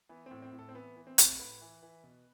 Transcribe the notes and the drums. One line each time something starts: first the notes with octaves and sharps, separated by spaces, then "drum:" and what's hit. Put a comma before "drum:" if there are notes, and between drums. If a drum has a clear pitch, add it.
E3 B3
A2 C4
C4
A2
A4
C4
E3 B3
E3
C4
A2, drum: hi-hat
A2 B4
E3
E3
B2